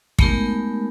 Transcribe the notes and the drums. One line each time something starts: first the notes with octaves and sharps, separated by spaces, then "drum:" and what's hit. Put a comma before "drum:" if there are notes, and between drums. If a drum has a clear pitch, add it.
G#3 A3 B3 D#4 G4 A#4, drum: kick